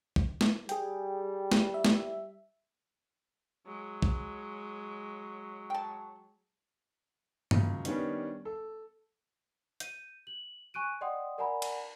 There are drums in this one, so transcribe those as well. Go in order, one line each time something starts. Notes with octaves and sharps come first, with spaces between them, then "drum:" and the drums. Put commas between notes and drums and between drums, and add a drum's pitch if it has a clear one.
drum: kick
drum: snare
G3 G#4 G5, drum: hi-hat
drum: snare
E5
drum: snare
F#3 G#3
drum: kick
G5 A5
C#2 F#2, drum: tom G2
D#3 G3 B3 C#4 D4, drum: hi-hat
A4
G6 D#7, drum: hi-hat
F#7
G#5 C#6 F#6 D7 D#7
D5 D#5 F#5 G5 C6 D#6
A#4 D5 F#5 G#5 A#5 B5
drum: cymbal